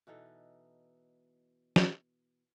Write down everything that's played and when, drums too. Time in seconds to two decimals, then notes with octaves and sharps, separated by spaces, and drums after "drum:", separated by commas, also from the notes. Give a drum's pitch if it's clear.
0.07 B2 E3 D#4 A4
1.76 drum: snare